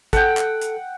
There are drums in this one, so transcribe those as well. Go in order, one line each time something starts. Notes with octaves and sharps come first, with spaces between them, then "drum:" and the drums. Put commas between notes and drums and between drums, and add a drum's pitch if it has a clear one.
A4 F#5 G5, drum: kick, hi-hat
drum: clap
drum: hi-hat